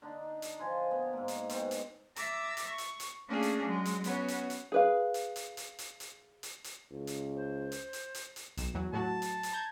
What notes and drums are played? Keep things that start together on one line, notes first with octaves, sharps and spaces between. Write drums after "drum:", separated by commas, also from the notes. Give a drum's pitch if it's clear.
D3 D4 D#4
drum: hi-hat
F3 G#5 C6
B3
G#2 A#3
drum: hi-hat
B2 C4, drum: hi-hat
drum: hi-hat
E5 A#5 D6 E6 A6, drum: hi-hat
drum: hi-hat
C#6
drum: hi-hat
drum: hi-hat
A3 A#3 C#4 D4 F4 G#4
drum: hi-hat
F#3 G#3
drum: hi-hat
B3 C#4 F#4, drum: hi-hat
drum: hi-hat
drum: hi-hat
G#4 B4 F5
drum: hi-hat
drum: hi-hat
drum: hi-hat
drum: hi-hat
drum: hi-hat
drum: hi-hat
drum: hi-hat
C#2
drum: hi-hat
C5
drum: hi-hat
drum: hi-hat
drum: hi-hat
drum: hi-hat
B1 E7, drum: hi-hat
E2 F#3
A2 F#3 F#4 A5
drum: hi-hat
drum: hi-hat
A#5 G6 G#6